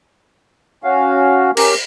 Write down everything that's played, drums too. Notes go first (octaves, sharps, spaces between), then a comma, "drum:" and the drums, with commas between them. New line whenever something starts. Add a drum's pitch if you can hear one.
C#4 F#4 F5
C#4 G4 A#4, drum: cymbal